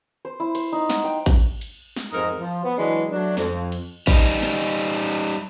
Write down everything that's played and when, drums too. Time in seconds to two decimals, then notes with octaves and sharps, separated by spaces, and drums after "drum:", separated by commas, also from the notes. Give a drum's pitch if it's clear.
0.25 C5
0.40 E4
0.55 C5, drum: cymbal
0.72 D#4
0.89 F#5, drum: snare
1.04 G5
1.26 drum: kick A1, cymbal
1.61 drum: cymbal
1.96 drum: snare
2.12 F2 G#2 D#4 A#4
2.37 F3
2.62 B3
2.77 E3 F#3 G#3 D4
3.11 F#3 A3 D4
3.37 F2, drum: snare
3.72 drum: cymbal
4.07 G3 D#4, drum: kick A1, cymbal
4.42 drum: snare
4.77 drum: cymbal
5.13 drum: cymbal